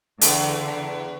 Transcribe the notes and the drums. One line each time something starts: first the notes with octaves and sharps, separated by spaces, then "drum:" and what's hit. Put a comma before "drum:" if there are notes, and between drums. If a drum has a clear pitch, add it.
E2 D3, drum: hi-hat